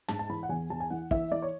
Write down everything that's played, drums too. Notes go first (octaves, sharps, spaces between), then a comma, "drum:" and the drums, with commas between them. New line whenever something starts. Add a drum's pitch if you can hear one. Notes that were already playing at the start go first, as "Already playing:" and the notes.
G#2 A5, drum: snare
A5
E3 B5
F#5
E2 G#5
E2 A5
G#5
E3 F#5
E3 E5, drum: kick
E3 D5
C#5